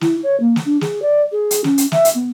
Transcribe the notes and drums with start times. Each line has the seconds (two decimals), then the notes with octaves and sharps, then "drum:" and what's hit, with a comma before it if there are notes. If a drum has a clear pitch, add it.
0.01 E4, drum: snare
0.23 C#5
0.40 A#3
0.56 drum: snare
0.65 D4
0.81 G#4, drum: snare
1.02 D5
1.32 G#4
1.51 drum: hi-hat
1.64 C#4, drum: snare
1.78 drum: hi-hat
1.92 E5, drum: snare
2.05 drum: hi-hat
2.15 B3